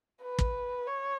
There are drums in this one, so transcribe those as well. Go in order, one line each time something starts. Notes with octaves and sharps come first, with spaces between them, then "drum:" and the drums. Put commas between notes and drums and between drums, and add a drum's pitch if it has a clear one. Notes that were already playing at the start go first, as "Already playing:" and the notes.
B4
drum: kick
C#5